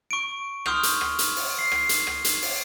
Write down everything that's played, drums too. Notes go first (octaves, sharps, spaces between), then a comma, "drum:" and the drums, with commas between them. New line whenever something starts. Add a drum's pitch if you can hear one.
C#6 D7
C6 C#6 D#6 F6 G6 F7, drum: rim click
drum: hi-hat
drum: rim click
drum: hi-hat
drum: open hi-hat
C7
drum: rim click
drum: hi-hat
drum: rim click
drum: hi-hat
drum: open hi-hat